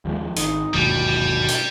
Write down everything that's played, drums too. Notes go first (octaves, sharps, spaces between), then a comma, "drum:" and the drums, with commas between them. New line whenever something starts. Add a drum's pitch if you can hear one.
D#2 F3 G#3
G#1 D#4, drum: hi-hat
G1 D#2 G#2 B2 G3
drum: hi-hat